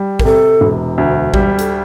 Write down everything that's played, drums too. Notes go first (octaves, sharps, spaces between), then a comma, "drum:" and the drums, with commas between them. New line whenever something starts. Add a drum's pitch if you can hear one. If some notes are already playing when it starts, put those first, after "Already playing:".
Already playing: G3
A#4, drum: kick A1
C3 A4
E1
D2
G3, drum: kick A1
A4, drum: hi-hat